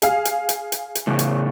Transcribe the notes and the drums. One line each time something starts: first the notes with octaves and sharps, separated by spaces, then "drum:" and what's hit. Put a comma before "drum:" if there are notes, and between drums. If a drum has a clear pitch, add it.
G#4 F5, drum: hi-hat
drum: hi-hat
drum: hi-hat
drum: hi-hat
drum: hi-hat
A2 C#3
drum: hi-hat